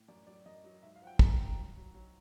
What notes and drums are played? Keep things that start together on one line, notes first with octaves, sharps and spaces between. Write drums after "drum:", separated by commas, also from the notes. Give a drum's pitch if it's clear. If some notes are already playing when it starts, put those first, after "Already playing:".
Already playing: A2
F#2 D5
F#3 D5
F#2 D#5
F#3
G#2 E5
F5
F3 F#5
G5
F3 A#5, drum: kick
G#2
A#5
F#3
F#3
F#3